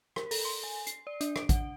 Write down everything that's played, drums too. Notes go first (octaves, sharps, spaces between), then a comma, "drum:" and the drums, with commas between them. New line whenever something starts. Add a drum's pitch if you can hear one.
A#4, drum: rim click
A4, drum: open hi-hat
C6
G#5
C7, drum: hi-hat
D5
D4, drum: hi-hat
D7, drum: rim click
F#5, drum: kick, hi-hat